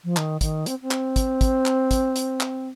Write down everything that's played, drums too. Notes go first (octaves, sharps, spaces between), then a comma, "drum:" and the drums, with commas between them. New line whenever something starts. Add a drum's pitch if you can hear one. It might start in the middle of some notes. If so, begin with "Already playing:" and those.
F3
D#3, drum: clap
D#3, drum: kick, hi-hat
C4, drum: hi-hat
C4
drum: clap
drum: kick, hi-hat
drum: kick, hi-hat
drum: clap
drum: kick, hi-hat
drum: hi-hat
drum: clap